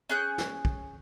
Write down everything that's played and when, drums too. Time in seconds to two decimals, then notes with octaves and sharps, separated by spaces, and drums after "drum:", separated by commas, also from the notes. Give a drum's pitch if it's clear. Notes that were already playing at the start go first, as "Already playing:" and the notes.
0.09 C#4 G#4 F#6 G6
0.38 drum: snare
0.65 drum: kick